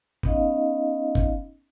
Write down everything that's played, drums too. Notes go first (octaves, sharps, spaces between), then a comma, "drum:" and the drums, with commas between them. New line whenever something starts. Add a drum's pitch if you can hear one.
B3 C#4 D#4 D#5 F5, drum: kick
drum: kick